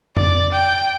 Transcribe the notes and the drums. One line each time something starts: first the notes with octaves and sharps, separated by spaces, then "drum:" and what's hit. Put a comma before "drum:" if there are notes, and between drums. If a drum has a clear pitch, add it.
D5, drum: tom F2
G5